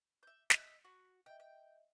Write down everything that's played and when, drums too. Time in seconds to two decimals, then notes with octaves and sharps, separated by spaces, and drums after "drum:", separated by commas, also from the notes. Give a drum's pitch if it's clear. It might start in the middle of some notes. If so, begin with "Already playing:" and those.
0.23 E5 G6
0.50 D#5 E5, drum: snare
0.85 F#4
1.26 D#5 E5 G5
1.40 G5